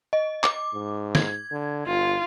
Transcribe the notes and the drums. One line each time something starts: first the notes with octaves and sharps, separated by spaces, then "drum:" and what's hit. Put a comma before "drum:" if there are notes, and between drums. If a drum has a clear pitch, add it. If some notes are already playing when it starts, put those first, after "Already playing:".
D#5
D6, drum: clap
G#2
G#6, drum: snare
D3
G1 F4